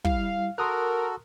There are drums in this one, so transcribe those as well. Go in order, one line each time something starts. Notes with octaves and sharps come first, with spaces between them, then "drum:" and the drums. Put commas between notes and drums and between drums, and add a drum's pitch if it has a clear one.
G3 E4 F5, drum: kick
F#4 A4 A#4 C6 D#6 F#6